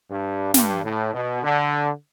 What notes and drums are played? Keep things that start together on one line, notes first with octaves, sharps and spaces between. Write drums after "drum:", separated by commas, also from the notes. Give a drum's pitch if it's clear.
G2
G2, drum: snare
A2
B2
D3